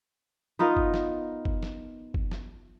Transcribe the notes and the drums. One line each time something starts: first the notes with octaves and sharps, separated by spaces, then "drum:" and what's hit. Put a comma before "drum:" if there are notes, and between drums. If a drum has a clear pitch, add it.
B3 D#4 F4 A#4
drum: kick F#1
drum: snare
drum: kick F#1
drum: snare
drum: kick F#1
drum: snare